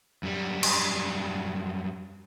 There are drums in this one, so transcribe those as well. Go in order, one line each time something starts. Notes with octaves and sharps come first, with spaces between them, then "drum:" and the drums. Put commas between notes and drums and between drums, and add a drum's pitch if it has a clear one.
F#2 G3
drum: cymbal